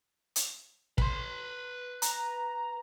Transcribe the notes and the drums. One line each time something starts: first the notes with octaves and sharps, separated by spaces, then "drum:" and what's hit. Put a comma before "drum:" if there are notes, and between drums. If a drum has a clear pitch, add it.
drum: hi-hat
B4 C6, drum: kick
A#5, drum: hi-hat